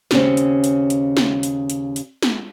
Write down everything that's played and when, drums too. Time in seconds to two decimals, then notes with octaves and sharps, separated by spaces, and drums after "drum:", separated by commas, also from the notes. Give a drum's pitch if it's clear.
0.11 D#2 C#3 C4 C#4, drum: snare
0.37 drum: hi-hat
0.64 drum: hi-hat
0.90 drum: hi-hat
1.17 drum: snare
1.43 drum: hi-hat
1.70 drum: hi-hat
1.96 drum: hi-hat
2.23 drum: snare